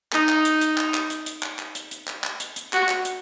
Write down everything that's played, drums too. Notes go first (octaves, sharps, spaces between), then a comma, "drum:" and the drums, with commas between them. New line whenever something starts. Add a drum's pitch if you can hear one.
D#4, drum: clap
drum: clap
drum: hi-hat
drum: hi-hat
drum: clap
drum: clap
drum: hi-hat
drum: hi-hat
drum: clap
drum: clap
drum: hi-hat
drum: hi-hat
drum: clap
drum: clap
drum: hi-hat
drum: hi-hat
F#4, drum: clap
drum: clap
drum: hi-hat